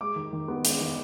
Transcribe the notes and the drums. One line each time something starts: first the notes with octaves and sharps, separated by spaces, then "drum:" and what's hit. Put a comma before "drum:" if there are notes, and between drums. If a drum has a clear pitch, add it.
G#3 D6
D#3
D#3
B3
G#3, drum: hi-hat
D#3